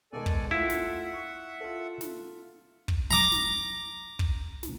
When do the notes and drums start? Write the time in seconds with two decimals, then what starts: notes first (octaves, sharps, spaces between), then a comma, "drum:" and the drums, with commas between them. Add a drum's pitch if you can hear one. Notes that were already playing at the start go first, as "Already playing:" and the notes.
0.13 B2 D#3 G#3 A4 D5 G#5
0.26 drum: kick
0.51 A3 E4 F4 E5 F#5
0.70 drum: snare
1.13 C#6
1.61 F4 A4
2.01 drum: snare
2.88 drum: kick
3.11 A#5 D6
3.32 drum: snare
4.19 drum: kick
4.63 drum: snare